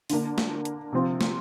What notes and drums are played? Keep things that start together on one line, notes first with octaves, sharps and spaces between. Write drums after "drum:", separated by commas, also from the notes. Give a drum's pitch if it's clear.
D3 A#3 D4, drum: open hi-hat
drum: snare
drum: hi-hat
C3 F3 C4 F4
drum: snare